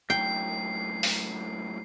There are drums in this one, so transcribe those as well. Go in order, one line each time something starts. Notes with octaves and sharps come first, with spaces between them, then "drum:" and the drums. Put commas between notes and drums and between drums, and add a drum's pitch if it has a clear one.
F#2 A2 G5 C7
drum: open hi-hat